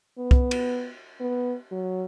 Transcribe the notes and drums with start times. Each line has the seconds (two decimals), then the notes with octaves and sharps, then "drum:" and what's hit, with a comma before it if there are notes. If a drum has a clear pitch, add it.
0.18 B3
0.31 drum: kick
0.51 drum: cymbal
1.20 B3
1.71 F#3